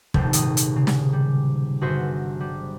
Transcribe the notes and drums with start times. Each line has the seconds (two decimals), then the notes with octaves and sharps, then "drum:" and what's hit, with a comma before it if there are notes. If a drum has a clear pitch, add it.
0.14 D#1 A#1 C3 A3 C5, drum: kick
0.33 G#1 D#6, drum: hi-hat
0.57 drum: hi-hat
0.76 C#3
0.87 drum: snare
1.13 G3
1.81 G1 F#4 G#4 C5 E5 C6
2.40 G3